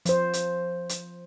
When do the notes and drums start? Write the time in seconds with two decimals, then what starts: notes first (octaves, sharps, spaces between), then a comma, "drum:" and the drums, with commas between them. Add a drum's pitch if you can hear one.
0.05 F3 C5, drum: hi-hat
0.33 drum: hi-hat
0.89 drum: hi-hat